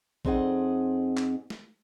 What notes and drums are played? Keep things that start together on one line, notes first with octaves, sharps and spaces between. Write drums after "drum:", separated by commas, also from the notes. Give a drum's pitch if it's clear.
F2 C4 D#4 G#4 D#5 F#5, drum: kick
drum: clap
drum: snare